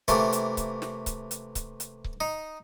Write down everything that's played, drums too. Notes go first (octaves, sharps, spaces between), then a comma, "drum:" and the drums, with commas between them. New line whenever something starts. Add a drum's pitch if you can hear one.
C3 E3 A3 A#3, drum: kick C#1, hi-hat
drum: hi-hat
drum: kick C#1, hi-hat
drum: snare
drum: kick C#1, hi-hat
drum: hi-hat
drum: kick C#1, hi-hat
drum: hi-hat
drum: kick C#1
D#4